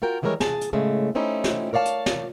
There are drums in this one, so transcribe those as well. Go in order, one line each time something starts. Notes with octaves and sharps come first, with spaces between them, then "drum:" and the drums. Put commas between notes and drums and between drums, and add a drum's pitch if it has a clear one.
F4 F#4 A#4 G5
D#3 E3 G3 G#3 A#4 C#5
G#4 A5, drum: snare
drum: hi-hat
A2 C#3 G#3 A3
A3 C4 C#4 D#4 E4 G4
drum: snare
A#4 C#5 D5 F5 A5
drum: hi-hat
drum: snare